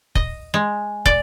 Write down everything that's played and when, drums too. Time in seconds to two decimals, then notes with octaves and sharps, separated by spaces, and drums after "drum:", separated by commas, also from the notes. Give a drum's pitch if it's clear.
0.15 D#5, drum: kick
0.54 G#3
1.06 D5, drum: kick